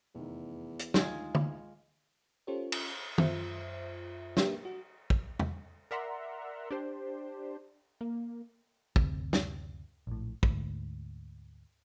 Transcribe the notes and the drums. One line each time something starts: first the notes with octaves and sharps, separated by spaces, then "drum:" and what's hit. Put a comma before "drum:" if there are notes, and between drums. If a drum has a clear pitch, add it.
F1 E2 D#3
drum: hi-hat
D2 D#3 G#3 F4 G#4, drum: snare
drum: tom
C#4 F4 G4 A4 C5 C#5
drum: cymbal
F#2 F4 C5 E5, drum: tom
A#3 D4 G4 A#4 B4 E5, drum: snare
F#4
drum: kick
drum: tom
A#4 D5 E5 F#5 A#5 C6
D4 G4 C5
A#3
F#1 D2 C3, drum: kick
drum: snare
A#1 A2
D2 G#2, drum: kick